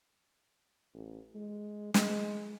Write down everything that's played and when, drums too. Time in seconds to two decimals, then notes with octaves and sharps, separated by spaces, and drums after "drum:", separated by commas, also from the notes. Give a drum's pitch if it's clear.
0.94 A1
1.35 G#3
1.94 G#3, drum: snare